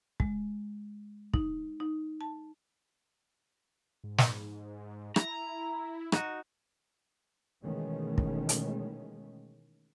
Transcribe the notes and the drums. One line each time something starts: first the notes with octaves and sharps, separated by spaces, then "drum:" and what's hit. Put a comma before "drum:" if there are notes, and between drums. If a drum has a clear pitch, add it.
G#3, drum: kick
D#4, drum: kick
D#4
A5
G#2
drum: snare
E4 A#5, drum: rim click
D#4 F#4, drum: rim click
B2 D#3 E3 G#3 A3 C#4
drum: kick
drum: hi-hat